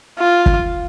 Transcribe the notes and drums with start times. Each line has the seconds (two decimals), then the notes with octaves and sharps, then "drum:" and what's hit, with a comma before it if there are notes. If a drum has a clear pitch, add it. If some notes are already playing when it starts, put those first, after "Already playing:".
0.18 F4
0.46 drum: kick F#1